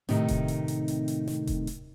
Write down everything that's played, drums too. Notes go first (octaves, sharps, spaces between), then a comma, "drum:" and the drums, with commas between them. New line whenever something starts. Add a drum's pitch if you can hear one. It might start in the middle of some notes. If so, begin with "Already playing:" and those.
A2 C3 D#3 A3 C4 D#4, drum: snare
drum: kick E1, hi-hat
drum: hi-hat
drum: hi-hat
drum: hi-hat
drum: hi-hat
drum: snare
drum: kick E1, hi-hat
drum: hi-hat